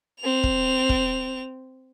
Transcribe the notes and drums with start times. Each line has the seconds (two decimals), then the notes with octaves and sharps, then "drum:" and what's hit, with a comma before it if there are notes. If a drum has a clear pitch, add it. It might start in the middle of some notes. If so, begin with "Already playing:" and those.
0.21 C4 F7
0.44 drum: kick
0.89 drum: kick